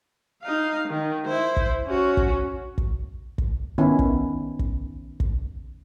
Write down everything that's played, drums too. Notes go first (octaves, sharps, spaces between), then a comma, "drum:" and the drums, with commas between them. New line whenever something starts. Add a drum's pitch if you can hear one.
D#4 F5
D#3
E4 C5
drum: kick
C#4 F#4
drum: kick
drum: kick
drum: kick
D#3 B3 C#4 E4
drum: kick
drum: kick
drum: kick